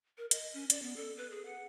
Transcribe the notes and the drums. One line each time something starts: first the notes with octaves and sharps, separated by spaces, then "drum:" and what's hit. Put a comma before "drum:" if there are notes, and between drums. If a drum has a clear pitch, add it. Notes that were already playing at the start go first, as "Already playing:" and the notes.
A#4
D#5, drum: hi-hat
C#4
D5, drum: hi-hat
B3
A4
B4
G#4
F#5